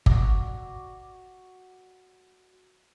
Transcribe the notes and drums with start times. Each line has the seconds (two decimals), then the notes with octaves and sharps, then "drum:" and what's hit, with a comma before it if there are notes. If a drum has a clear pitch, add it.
0.06 F#4 D5, drum: kick G1